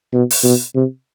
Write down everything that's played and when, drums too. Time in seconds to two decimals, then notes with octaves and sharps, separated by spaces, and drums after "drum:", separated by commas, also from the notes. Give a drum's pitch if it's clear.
0.13 B2
0.31 drum: open hi-hat
0.44 B2
0.75 C3